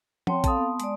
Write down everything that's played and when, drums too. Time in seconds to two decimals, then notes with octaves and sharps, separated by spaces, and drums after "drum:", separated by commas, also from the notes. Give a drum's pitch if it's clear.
0.27 C4 C#5 F#5 G5 A5 C6, drum: tom F3
0.44 C4 A4 F5 A5 C6 D#6, drum: kick A#1, hi-hat
0.56 B3
0.80 G#3 D5, drum: hi-hat